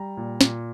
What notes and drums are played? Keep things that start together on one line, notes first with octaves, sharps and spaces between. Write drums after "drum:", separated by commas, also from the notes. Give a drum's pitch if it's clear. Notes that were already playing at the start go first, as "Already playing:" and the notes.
Already playing: G3 A#5
A#2
A#2, drum: snare